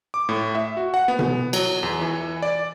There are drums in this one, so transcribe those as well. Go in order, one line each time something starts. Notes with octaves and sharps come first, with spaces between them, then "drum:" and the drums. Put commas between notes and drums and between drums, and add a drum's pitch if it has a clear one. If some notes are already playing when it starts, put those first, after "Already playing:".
D6
A2
E5
F#4
F#5
B3
drum: tom B2
F#3, drum: cymbal
E2
E3
D5